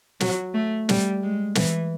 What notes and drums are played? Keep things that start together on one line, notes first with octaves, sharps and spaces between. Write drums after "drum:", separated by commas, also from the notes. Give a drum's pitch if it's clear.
F#3, drum: snare
A3
G3, drum: snare
G#3
E3, drum: snare